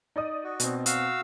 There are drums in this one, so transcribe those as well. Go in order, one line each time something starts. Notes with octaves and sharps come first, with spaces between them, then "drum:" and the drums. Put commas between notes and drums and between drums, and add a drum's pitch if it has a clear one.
D#4 D5 D#6
F#4
B2 C4, drum: hi-hat
F#4 F5 E6, drum: hi-hat